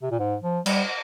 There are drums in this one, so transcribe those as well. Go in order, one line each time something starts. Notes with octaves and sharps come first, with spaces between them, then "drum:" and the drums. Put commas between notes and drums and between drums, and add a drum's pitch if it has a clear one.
C3
A#2
G#2
F3
G3, drum: cymbal